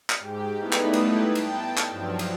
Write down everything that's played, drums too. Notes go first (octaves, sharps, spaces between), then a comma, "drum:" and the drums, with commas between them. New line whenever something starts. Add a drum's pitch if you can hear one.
drum: clap
G#2 G4
G3 A3 B3 D#4 E4 B4
drum: clap
drum: cymbal
G5 A5, drum: cymbal
drum: clap
G2 F3 F#3
drum: cymbal